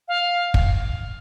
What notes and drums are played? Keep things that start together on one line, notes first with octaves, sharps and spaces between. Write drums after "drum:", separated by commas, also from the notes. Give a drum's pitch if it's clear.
F5
drum: kick